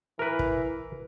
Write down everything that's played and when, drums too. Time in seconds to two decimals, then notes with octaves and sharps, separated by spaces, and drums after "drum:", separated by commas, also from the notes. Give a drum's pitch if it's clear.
0.19 E3 A#4 B4
0.39 drum: kick